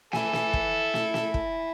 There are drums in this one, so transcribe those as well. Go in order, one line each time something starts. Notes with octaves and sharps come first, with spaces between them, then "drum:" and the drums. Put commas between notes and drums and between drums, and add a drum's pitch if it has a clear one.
E4 A4 G#5, drum: snare
drum: snare
drum: kick
drum: snare
drum: snare
drum: kick